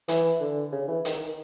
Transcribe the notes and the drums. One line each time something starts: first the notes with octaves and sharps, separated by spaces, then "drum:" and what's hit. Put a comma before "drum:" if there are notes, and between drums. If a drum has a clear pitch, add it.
E3, drum: hi-hat
D3
C#3
E3
D#3, drum: hi-hat
D#3
D#3